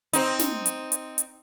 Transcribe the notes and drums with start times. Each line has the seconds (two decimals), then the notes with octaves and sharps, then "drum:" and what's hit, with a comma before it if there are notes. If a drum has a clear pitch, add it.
0.13 C4 D#4, drum: hi-hat
0.39 drum: snare
0.66 drum: hi-hat
0.92 drum: hi-hat
1.18 drum: hi-hat